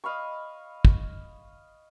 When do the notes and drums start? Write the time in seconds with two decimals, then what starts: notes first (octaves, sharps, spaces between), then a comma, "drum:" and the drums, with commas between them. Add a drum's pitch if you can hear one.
0.04 D#5 F5 B5 C#6
0.85 drum: kick